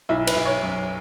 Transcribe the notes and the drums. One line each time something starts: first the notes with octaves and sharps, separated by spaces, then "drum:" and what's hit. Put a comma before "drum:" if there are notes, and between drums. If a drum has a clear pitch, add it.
B1 E4
B4, drum: cymbal
B1
C#5
F#2